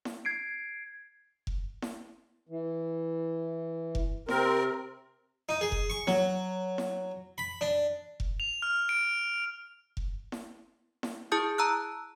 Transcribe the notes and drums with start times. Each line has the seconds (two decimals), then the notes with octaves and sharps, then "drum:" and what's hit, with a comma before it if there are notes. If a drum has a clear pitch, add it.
0.05 drum: snare E4
0.25 G#6 C7 D7
1.47 drum: kick F1
1.82 drum: snare E4
2.49 E3
3.95 drum: kick F1
4.28 C3 C4 A#4, drum: snare E4
5.49 D#4
5.61 G#4
5.72 drum: kick F1
5.90 C#6
6.07 F#3, drum: snare E4
6.78 drum: snare E4
7.38 B5
7.61 D4
8.20 drum: kick F1
8.40 F7
8.62 F6
8.89 D7
9.97 drum: kick F1
10.32 drum: snare E4
11.03 drum: snare E4
11.32 E4 G#4 A5 D#6 G6
11.58 A5 A#5 E6 F#6